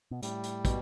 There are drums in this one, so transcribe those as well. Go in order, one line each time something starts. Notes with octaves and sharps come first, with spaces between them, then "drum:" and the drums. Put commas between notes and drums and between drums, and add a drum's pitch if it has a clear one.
B2
A2 G3, drum: hi-hat
drum: hi-hat
B2, drum: kick, hi-hat